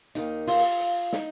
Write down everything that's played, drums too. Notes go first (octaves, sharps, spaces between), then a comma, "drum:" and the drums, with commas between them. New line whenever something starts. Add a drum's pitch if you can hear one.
D#2 D#3 D#4, drum: hi-hat
F4, drum: open hi-hat
drum: hi-hat
D#4, drum: snare